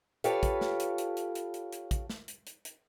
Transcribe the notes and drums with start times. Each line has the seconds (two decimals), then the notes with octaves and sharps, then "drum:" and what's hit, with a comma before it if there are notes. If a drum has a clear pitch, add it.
0.24 F4 G4 A4 B4 C#5 F5, drum: hi-hat
0.43 drum: kick, hi-hat
0.61 drum: snare
0.80 drum: hi-hat
0.98 drum: hi-hat
1.17 drum: hi-hat
1.35 drum: hi-hat
1.54 drum: hi-hat
1.72 drum: hi-hat
1.91 drum: kick, hi-hat
2.10 drum: snare
2.28 drum: hi-hat
2.47 drum: hi-hat
2.65 drum: hi-hat